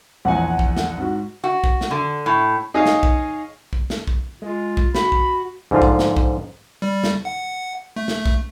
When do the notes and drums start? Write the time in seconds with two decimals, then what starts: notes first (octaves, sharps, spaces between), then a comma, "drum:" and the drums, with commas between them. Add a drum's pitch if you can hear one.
0.25 A#1 E2 F#5 G#5
0.59 drum: kick
0.77 drum: snare
0.98 G#2 F#4
1.44 F#4
1.64 drum: kick
1.81 drum: snare
1.91 D3
2.26 A2
2.74 D#4 G#4 C#5 D#5 F5
2.86 drum: snare
3.03 drum: kick
3.73 drum: kick
3.90 drum: snare
4.07 drum: kick
4.42 G#3 F4
4.77 drum: kick
4.95 F#4 B5, drum: snare
5.12 drum: kick
5.71 G#2 D3 F3 F4
5.82 drum: kick
5.99 drum: snare
6.17 drum: kick
6.82 G3
7.04 drum: snare
7.25 F#5
7.96 A3
8.08 drum: snare
8.26 drum: kick